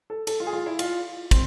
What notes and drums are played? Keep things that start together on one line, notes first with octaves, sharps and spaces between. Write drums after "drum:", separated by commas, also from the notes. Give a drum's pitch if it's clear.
A4
A4, drum: cymbal
F4
G#4
F4
E4
F4, drum: cymbal
C4, drum: kick, cymbal